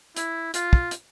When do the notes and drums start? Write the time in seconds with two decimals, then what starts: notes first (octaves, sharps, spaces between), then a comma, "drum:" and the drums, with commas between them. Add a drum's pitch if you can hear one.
0.16 E4, drum: hi-hat
0.54 F4, drum: hi-hat
0.73 drum: kick
0.91 drum: hi-hat